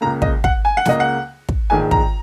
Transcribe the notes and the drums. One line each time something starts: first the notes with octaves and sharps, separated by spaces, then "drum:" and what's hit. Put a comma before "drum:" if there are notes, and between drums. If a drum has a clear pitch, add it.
C#2 C#3 A#3 A#5
D#5, drum: kick
F#5, drum: kick
G#5
F#5
C#2 C#3 A#3 D#5, drum: snare
F#5
drum: kick
A#1 G#2 D#3 G#3 G#5
A#5, drum: kick